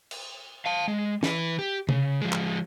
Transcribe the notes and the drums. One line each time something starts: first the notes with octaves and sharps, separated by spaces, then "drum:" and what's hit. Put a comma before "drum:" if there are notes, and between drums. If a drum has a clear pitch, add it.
drum: cymbal
F5 A5
G#3
E3 B4, drum: snare
G4
C#3, drum: tom C3
F3 G#3
drum: clap